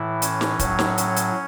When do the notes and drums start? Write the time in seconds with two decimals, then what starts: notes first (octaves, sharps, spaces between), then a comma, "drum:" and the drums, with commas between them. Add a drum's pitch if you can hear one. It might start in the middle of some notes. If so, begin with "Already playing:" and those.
Already playing: A2 E3 E4
0.22 C#4, drum: hi-hat
0.41 drum: snare
0.59 A2 F#3, drum: kick, hi-hat
0.79 drum: snare
0.98 C#4, drum: hi-hat
1.16 drum: hi-hat